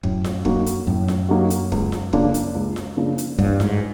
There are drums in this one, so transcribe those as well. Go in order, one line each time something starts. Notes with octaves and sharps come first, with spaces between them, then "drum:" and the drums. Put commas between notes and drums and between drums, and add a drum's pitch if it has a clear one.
F#2 A2, drum: kick
drum: snare F4
F#3 A#3 D#4 F#4, drum: kick
drum: hi-hat
F#2 A2
drum: snare F4
F#3 A#3 D#4 F#4
drum: hi-hat
C#2, drum: kick
drum: snare F4
C#3 F3 A#3 D4, drum: kick
drum: hi-hat
C#2
drum: snare F4
C#3 F3 A#3 D4
drum: hi-hat
A1 G2, drum: kick
G#2, drum: snare F4